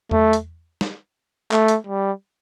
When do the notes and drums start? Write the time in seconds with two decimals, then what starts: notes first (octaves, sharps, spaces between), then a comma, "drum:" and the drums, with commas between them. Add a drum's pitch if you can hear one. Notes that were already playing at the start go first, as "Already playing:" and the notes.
0.11 A3, drum: tom E2
0.33 drum: hi-hat
0.81 drum: snare
1.51 A3, drum: clap
1.68 drum: hi-hat
1.87 G3